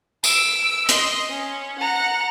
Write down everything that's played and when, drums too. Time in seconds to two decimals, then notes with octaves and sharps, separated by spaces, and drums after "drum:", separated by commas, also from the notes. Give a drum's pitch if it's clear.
0.24 E6 D7, drum: tambourine
0.89 D#5 C6, drum: hi-hat
1.29 C#4
1.79 F#5 A#5